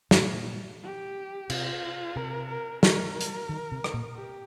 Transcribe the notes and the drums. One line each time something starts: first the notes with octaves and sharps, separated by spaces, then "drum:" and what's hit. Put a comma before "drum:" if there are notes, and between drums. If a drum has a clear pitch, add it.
G2, drum: snare
A#2
G4
C3 F4, drum: cymbal
C3 A#4
A#4
A#4, drum: snare
drum: hi-hat
D#3
C3
drum: rim click
A#2
G4